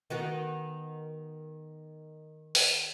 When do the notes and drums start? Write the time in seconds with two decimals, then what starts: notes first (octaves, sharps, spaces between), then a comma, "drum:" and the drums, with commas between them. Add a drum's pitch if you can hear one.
0.10 D#3 B3 F#4
2.55 drum: open hi-hat